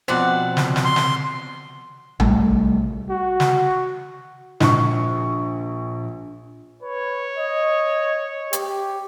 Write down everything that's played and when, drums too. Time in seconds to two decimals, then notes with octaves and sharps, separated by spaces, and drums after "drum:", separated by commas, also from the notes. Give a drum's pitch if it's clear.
0.08 B2 F3 C4 C5 D5 F#5
0.57 drum: snare
0.76 drum: snare
0.85 C6
0.96 drum: snare
2.20 C2 G3 A3, drum: tom A#1
3.10 F#4
3.40 drum: snare
4.60 A#1 C#6, drum: snare
6.82 B4 C#5
7.38 D#5
8.53 G4, drum: hi-hat